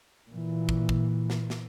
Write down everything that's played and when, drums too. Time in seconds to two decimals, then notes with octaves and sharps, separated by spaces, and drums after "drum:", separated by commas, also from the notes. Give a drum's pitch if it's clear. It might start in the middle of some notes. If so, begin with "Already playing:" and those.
0.28 A#2 E3
0.69 drum: kick
0.89 drum: kick
1.30 drum: snare
1.50 drum: snare